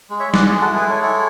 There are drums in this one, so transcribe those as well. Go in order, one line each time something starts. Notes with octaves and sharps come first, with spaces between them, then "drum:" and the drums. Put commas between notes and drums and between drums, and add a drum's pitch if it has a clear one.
G#3
C#5 E5
G#3
B4 D5, drum: snare
G#3 G#4
F#4 A4
E4
G#4 B4
G#3 A4 C#5
E4